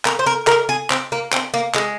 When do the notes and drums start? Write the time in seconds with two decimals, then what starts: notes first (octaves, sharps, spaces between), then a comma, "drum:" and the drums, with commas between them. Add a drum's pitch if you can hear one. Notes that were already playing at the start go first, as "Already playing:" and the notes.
0.05 A#4, drum: clap
0.19 C5
0.26 A#4
0.47 A#4, drum: clap
0.69 G#4
0.90 C4, drum: clap
1.12 A#3
1.33 C4, drum: clap
1.54 A#3
1.75 G#3, drum: clap